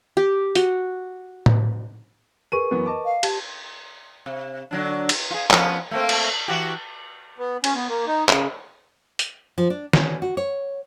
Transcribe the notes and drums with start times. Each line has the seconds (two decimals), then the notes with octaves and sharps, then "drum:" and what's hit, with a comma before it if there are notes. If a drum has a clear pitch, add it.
0.17 G4
0.55 F#4, drum: hi-hat
1.46 drum: tom A2
2.52 G#4 A#4 B4 C#6 D#7
2.71 F#2 E3 B3
2.86 D#5 A5 D6
3.05 F5
3.23 G4 A5, drum: cymbal
4.26 C3
4.71 D3 F#3 D4
5.09 drum: cymbal
5.30 F4 G#4
5.50 F3 B3 C#4, drum: clap
5.91 A3 A#3 C4
6.09 drum: cymbal
6.48 E3 F#4 G4
7.38 B3
7.64 C#4, drum: cymbal
7.75 B3
7.89 A#3
8.07 D#4
8.29 C#3, drum: clap
9.19 drum: hi-hat
9.58 F3
9.70 D4
9.93 C#4, drum: snare
10.22 F#4
10.37 C#5